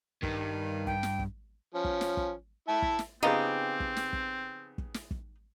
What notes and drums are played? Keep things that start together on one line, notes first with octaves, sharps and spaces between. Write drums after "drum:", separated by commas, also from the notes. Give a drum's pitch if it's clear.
G2 D#3, drum: kick
G5, drum: kick
drum: snare
drum: kick
F3 C#4
drum: kick
drum: snare
drum: kick
E4 E5 A5
drum: kick
drum: snare
C#3 F3 B3 C4 D#4 G4 G#4
drum: kick
drum: snare
drum: kick
drum: kick
drum: snare
drum: kick